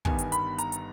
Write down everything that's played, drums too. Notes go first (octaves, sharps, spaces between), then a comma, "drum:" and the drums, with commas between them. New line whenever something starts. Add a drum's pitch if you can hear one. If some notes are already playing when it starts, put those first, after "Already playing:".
G1 G2 D#3 G3 B3 G#5, drum: kick
drum: hi-hat
B5, drum: hi-hat
A#5, drum: hi-hat
drum: hi-hat